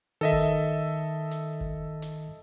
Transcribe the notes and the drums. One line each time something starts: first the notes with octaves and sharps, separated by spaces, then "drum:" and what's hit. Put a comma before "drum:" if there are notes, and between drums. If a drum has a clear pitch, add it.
D#3 A4 D#5 E5
drum: kick F#1
drum: hi-hat
drum: kick F#1
drum: hi-hat